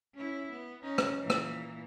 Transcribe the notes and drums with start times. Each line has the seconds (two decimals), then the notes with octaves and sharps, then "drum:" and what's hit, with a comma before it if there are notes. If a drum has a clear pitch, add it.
0.14 C#4 E4
0.51 B3
0.82 C#4 D#4
0.98 drum: rim click
1.20 A#2 E3
1.30 drum: rim click